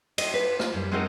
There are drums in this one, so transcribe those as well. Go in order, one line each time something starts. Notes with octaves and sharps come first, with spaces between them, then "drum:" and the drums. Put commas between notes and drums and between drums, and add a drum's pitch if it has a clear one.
D#5, drum: cymbal
B4
F4, drum: rim click
F#2 G3
G#3 C4 D#4 F#4 A4 A#4